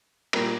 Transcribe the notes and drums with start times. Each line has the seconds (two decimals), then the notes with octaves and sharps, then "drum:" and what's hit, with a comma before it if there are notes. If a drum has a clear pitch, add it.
0.33 A#2 G3 A#3, drum: cymbal